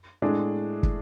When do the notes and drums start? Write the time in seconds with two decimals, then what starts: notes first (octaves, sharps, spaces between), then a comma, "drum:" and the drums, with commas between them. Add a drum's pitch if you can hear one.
0.22 A2 G#3 D4 G#4
0.83 drum: kick